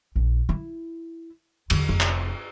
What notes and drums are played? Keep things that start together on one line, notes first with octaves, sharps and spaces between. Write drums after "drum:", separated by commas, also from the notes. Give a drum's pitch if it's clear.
A#1
E4
E2 D3, drum: cymbal
F1
drum: clap